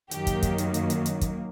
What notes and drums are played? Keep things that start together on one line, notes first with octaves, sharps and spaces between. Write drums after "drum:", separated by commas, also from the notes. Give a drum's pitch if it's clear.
F#2 D#3 F#3 A#3 G4, drum: hi-hat
drum: kick, hi-hat
drum: kick, hi-hat
drum: hi-hat
drum: hi-hat
drum: hi-hat
drum: hi-hat
drum: kick, hi-hat